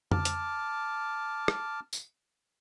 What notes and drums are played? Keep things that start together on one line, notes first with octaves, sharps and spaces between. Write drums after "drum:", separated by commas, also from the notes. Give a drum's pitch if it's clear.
A5 D6 F6, drum: tom F2
drum: hi-hat
drum: rim click
drum: tambourine